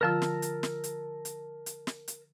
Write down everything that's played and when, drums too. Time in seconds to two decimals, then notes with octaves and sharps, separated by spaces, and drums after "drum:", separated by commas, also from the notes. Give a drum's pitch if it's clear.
0.01 D3 F3 F4 A#4 A5 E6
0.22 drum: snare
0.42 drum: hi-hat
0.63 drum: snare
0.84 drum: hi-hat
1.25 drum: hi-hat
1.66 drum: hi-hat
1.87 drum: snare
2.08 drum: hi-hat